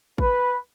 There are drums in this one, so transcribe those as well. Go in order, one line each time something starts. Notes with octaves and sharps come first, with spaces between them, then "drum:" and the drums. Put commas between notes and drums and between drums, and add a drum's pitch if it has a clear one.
B4, drum: kick